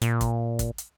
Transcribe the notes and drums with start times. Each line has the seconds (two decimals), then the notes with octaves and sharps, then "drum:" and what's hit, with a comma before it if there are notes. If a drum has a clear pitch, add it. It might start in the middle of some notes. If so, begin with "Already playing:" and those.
0.02 A#2, drum: hi-hat
0.21 drum: kick, hi-hat
0.59 drum: kick, hi-hat
0.78 drum: hi-hat